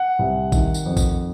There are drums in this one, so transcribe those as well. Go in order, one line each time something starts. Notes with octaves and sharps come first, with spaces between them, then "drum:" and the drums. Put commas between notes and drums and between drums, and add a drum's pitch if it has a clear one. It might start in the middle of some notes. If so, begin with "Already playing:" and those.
Already playing: F#5
C2
D#3, drum: kick A1, tambourine
drum: tambourine
F2
drum: kick A1, tambourine